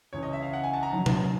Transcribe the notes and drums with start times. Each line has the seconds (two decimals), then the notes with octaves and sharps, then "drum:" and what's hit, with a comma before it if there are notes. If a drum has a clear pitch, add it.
0.13 C#2 C#3 E3 C#5
0.23 D#5
0.33 E5
0.42 F5
0.53 F#5
0.63 G#5
0.73 A5
0.83 A#5
0.93 F#2 D#3 F#3
1.06 drum: tom B2